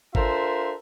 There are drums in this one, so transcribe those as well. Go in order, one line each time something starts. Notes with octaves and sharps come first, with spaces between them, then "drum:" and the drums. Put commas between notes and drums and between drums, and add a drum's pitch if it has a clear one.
D4 F4 A4 A#4 C5 E5, drum: kick G#1